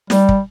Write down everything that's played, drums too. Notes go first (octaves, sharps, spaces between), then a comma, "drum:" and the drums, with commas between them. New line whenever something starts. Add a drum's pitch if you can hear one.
G3, drum: snare
drum: kick